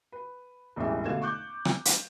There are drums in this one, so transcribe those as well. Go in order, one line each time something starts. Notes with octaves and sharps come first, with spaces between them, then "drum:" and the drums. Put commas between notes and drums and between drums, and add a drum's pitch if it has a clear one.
B4
E1 A1 G#2 E3 G3 E5
B2 D3 A3 F5 G#6 E7
C#6 D6 F#6 G6
drum: rim click
drum: hi-hat